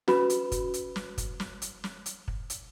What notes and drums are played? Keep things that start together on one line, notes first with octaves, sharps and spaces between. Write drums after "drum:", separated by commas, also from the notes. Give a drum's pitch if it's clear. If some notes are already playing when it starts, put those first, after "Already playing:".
C#4 F#4 B4 B5, drum: snare
drum: hi-hat
drum: kick, hi-hat
drum: hi-hat
drum: snare
drum: kick, hi-hat
drum: snare
drum: hi-hat
drum: snare
drum: hi-hat
drum: kick
drum: hi-hat